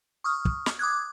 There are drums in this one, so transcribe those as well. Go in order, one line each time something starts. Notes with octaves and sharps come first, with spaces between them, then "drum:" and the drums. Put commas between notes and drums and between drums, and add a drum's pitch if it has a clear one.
C#6 D#6 F6
drum: kick
drum: snare
D6 D#6 F#6 G#6